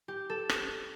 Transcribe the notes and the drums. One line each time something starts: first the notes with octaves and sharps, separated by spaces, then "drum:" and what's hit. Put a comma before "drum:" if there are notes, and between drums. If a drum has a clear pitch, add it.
G4
A4
drum: rim click